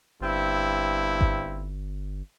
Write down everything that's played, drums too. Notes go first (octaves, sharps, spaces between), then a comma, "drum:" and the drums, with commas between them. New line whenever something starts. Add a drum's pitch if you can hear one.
G1 G2 C4 E4
drum: kick G1